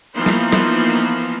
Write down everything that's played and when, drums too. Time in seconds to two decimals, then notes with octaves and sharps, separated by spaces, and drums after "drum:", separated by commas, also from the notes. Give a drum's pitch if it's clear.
0.13 E3 F3 A#3 B3 D#4 C5
0.26 drum: snare
0.52 drum: snare